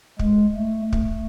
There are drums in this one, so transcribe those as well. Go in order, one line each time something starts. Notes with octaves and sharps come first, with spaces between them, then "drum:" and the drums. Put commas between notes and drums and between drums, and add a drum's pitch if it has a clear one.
G#3, drum: kick
A3
A3, drum: kick